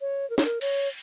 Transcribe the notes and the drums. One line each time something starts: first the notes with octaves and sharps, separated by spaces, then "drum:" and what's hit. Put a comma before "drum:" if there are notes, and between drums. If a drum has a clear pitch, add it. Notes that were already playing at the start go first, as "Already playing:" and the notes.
C#5
A#4
C#5, drum: snare
A#4
C#5, drum: cymbal